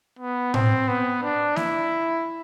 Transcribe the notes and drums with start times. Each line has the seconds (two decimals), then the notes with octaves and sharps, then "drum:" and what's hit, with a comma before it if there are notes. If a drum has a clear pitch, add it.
0.19 B3
0.54 C4, drum: tom A2
0.88 B3
1.23 D4
1.56 E4, drum: snare A#3